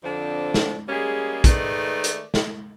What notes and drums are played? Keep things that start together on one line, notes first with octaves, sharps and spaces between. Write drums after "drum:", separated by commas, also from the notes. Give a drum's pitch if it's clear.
F2 D3 F3 C4 D4
drum: snare
G3 G#3 A#3 C#4 G#4
D#3 G#3 A3 B4 D5, drum: kick, hi-hat
drum: hi-hat
drum: snare